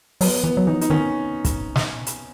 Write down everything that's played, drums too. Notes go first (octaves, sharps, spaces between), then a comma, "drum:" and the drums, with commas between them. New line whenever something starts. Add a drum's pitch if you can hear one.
F#3 B3, drum: open hi-hat
E3 B3
F#3
E3 D#4
D#4, drum: hi-hat
D#3 C#4
drum: kick, hi-hat
drum: snare
drum: hi-hat